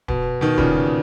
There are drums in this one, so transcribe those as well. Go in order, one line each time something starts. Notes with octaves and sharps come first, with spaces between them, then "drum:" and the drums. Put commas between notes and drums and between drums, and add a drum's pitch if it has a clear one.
B2, drum: kick D1
B2 D#3
A#2 C#3, drum: kick D1